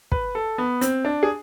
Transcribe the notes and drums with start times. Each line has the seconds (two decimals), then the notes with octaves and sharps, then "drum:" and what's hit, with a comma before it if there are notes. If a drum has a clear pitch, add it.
0.12 B4, drum: kick
0.35 A4
0.58 B3
0.81 C4, drum: hi-hat
1.05 D4
1.23 G#4